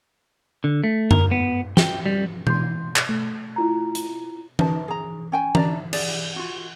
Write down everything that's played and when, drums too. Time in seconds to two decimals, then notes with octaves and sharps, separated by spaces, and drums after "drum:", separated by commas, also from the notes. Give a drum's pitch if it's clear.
0.64 D3
0.84 A3
1.11 A#4, drum: tom F#2
1.31 B3
1.77 G5, drum: snare
2.06 G3
2.47 E3 C6 G6, drum: tom B2
2.96 drum: clap
3.09 A3
3.56 E4 F4 A#5
3.95 drum: hi-hat
4.59 D#4 B4 A5, drum: tom E3
4.88 G#4 A#5
5.32 C#4 G5 G#5
5.55 D4 D5 A#5, drum: tom E3
5.93 G#4 D5 E5, drum: cymbal
6.36 F4 F#4